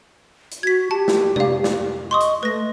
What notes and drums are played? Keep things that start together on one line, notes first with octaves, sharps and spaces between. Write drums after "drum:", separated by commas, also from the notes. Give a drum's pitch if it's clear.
drum: hi-hat
F#4 G#6 B6
G4 A5
drum: snare
D5 F5, drum: tom
drum: snare
D#5 C6 C#6 D#6
drum: hi-hat
A3 B4 A#6